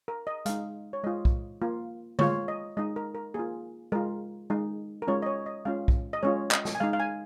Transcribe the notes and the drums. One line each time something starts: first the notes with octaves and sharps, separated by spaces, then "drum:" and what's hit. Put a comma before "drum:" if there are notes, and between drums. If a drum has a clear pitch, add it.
A#4
D#5
G#3 D#4 F5, drum: hi-hat
C#5
G#3 F4 D#5
drum: kick B1
A#3 F4
G#3 F4 C#5, drum: tom D3
D#5
G#3 D#4 D#5
A#4
A#4
A#3 F4 G#4
G#3 F4 A#4
G#3 D#4
A#4
G#3 C#4 F4 C#5
D#5
C#5
D#5
G#3 C#4 F4 F5
drum: kick B1
D#5
G#3 C#4 F4 C#5
D#5, drum: clap
drum: snare
G#5
G#3 D#4 F5
F5
G#5